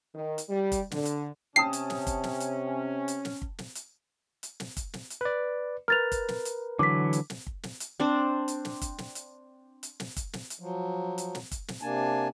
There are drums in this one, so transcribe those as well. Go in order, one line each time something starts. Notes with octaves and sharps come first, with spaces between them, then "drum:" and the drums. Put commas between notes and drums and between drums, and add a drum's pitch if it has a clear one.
D#3
drum: hi-hat
G3
drum: kick, hi-hat
D3, drum: snare
drum: hi-hat
C3 C#4 G5 A5 D#6 C7
drum: hi-hat
drum: snare
drum: kick, hi-hat
drum: snare
drum: hi-hat
drum: hi-hat
drum: snare
drum: kick
drum: snare
drum: hi-hat
drum: hi-hat
drum: snare
drum: kick, hi-hat
drum: snare
drum: hi-hat
B4 D5
A#4 B4 F6 A6 F7
drum: kick, hi-hat
drum: snare
drum: hi-hat
D3 E3 F#3 D6 B6
drum: hi-hat
drum: snare
drum: kick
drum: snare
drum: hi-hat
C4 D4 C5
drum: hi-hat
drum: snare
drum: kick, hi-hat
drum: snare
drum: hi-hat
drum: hi-hat
drum: snare
drum: kick, hi-hat
drum: snare
drum: hi-hat
F3 F#3
drum: hi-hat
drum: snare
drum: kick, hi-hat
drum: snare
C3 A#3 D4 G#5 A5